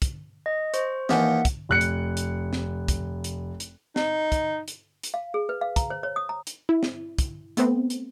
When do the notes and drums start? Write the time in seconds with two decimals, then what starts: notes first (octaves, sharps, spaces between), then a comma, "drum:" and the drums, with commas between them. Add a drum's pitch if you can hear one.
0.02 drum: kick, hi-hat
0.46 D#5
0.74 C5 C#6, drum: hi-hat
1.09 D#2 E3 F3 E5 F#5, drum: snare
1.45 drum: kick, hi-hat
1.69 F1 F#6 C#7
1.81 drum: hi-hat
2.17 drum: hi-hat
2.53 drum: snare
2.88 drum: kick, hi-hat
3.24 drum: hi-hat
3.60 drum: hi-hat
3.96 D#4, drum: snare
4.32 drum: kick, hi-hat
4.68 drum: hi-hat
5.03 drum: hi-hat
5.14 F5
5.34 G#4
5.49 B4
5.61 F5
5.76 A#5, drum: kick, hi-hat
5.90 C5
6.03 C#5
6.16 D#6
6.29 A#5
6.47 drum: hi-hat
6.69 E4
6.83 drum: snare
7.18 drum: kick, hi-hat
7.57 A3 B3 C4, drum: hi-hat
7.90 drum: hi-hat